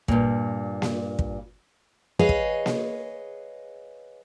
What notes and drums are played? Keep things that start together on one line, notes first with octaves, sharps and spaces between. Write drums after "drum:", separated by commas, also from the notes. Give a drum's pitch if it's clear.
G2 A#2, drum: kick
drum: snare A#3
drum: kick
G#4 B4 C#5 D#5 F5 G#5
drum: kick
drum: snare A#3